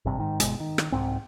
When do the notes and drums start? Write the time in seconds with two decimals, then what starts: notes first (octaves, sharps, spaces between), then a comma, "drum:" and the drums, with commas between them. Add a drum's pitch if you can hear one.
0.05 G#1 G2 C3
0.18 G#2 D#3
0.40 G1 B2 G#3, drum: hi-hat
0.60 D#3
0.78 drum: rim click
0.92 C2 G#2 C4